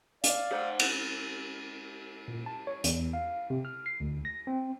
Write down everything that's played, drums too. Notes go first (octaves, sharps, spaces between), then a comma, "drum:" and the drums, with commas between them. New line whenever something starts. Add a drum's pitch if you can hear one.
D5 F5, drum: hi-hat
C5 F#5
drum: cymbal
A#2
A5
C#5
E2, drum: hi-hat
F5
C3
F6
C7
D2
A#6
C4